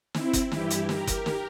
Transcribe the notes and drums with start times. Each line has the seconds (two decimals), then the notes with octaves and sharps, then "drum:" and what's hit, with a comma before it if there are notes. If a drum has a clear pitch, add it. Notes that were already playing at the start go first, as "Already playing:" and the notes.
0.14 C4 E4, drum: snare
0.33 drum: kick F#1, hi-hat
0.52 G2 E3 E4 G4, drum: snare
0.70 drum: hi-hat
0.89 G4 A#4, drum: snare
1.07 drum: kick F#1, hi-hat
1.26 drum: snare